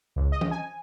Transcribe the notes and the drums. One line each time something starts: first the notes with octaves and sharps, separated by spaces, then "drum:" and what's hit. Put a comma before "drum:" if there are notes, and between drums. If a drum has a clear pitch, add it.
C#2
D#5
drum: tom E3
G#5